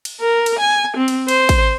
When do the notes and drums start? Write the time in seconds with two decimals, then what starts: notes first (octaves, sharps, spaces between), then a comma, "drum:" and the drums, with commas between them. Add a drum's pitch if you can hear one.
0.05 drum: cymbal
0.21 A#4
0.46 drum: cymbal
0.59 G#5
0.97 C4
1.08 drum: cymbal
1.28 C5, drum: cymbal
1.49 drum: kick, cymbal